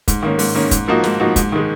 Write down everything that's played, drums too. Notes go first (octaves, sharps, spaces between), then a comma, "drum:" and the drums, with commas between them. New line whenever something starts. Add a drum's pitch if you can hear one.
G#2, drum: kick, hi-hat
D#3 A#3 C#4
G#2, drum: open hi-hat
D#3 A#3 C#4
G#2, drum: kick, hi-hat
F3 A#3 D#4 F#4
G#2, drum: snare
F3 A#3 D#4 F#4
G#2, drum: kick, hi-hat
D#3 G#3